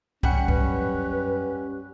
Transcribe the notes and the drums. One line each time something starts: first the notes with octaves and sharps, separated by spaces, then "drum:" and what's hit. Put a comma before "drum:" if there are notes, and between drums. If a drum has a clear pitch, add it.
G3 C#4 F#5, drum: kick C2
F#2 B4, drum: kick C2